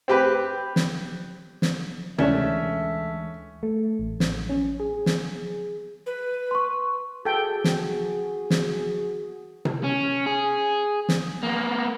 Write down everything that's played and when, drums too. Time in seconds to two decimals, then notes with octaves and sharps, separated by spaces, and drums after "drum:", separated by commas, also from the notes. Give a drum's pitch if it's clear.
0.08 C4 G4 B4
0.76 drum: snare
1.62 drum: snare
2.18 D2 E3 G#3 A3 C#4 D4 E5 A5, drum: tom C3
3.63 A3
3.99 A1
4.20 drum: snare
4.49 C#4
4.80 G#4
5.06 drum: snare
6.06 B4
6.51 C6 C#6
7.25 F#4 G#4 A4 G5
7.64 drum: snare
8.50 drum: snare
9.65 drum: tom C3
9.84 C#4
10.26 G#4
11.09 drum: snare
11.43 A#3 B3